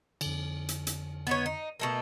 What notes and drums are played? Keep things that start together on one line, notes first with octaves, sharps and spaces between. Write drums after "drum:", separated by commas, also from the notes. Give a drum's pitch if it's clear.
F2 D3, drum: cymbal
drum: hi-hat
drum: hi-hat
B3 D#4 C#5
D#4
B2 A3 A#3